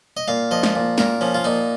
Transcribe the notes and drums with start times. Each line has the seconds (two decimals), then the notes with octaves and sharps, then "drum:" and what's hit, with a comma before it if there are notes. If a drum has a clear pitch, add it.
0.17 D#5
0.28 A#2 F5
0.51 F3 D#5
0.63 drum: snare
0.75 A#2
0.98 A#2 A#4, drum: snare
1.21 F3 C#4
1.34 F4
1.44 A#2 D#4